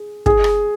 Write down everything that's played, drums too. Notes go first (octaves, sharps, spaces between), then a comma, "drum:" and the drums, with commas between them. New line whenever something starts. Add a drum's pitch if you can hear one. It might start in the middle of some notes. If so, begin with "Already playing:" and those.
Already playing: G#4
G#4, drum: kick
drum: rim click